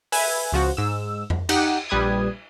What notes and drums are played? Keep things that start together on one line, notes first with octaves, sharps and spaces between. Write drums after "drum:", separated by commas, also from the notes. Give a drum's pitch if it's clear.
B4 E5 G#5, drum: open hi-hat
C#2 F3 F#4
G#2 E6
drum: tom F2
D#4 G4 F#5, drum: cymbal
A#1 G3 B4 D#6 G#6